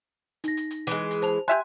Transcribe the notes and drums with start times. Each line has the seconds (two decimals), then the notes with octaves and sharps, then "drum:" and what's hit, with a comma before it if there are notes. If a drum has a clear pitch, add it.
0.44 D#4 A#6, drum: hi-hat
0.57 drum: hi-hat
0.71 drum: hi-hat
0.87 E3 G#3, drum: hi-hat
1.11 drum: hi-hat
1.22 C5 A5 F7, drum: hi-hat
1.48 G4 E5 G#5 C6 F#6